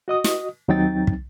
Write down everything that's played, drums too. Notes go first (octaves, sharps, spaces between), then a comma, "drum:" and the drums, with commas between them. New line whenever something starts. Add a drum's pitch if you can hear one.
F#4 D#5 D#6
drum: snare
D#2 F#3 C4 D#4 G5 A6
drum: kick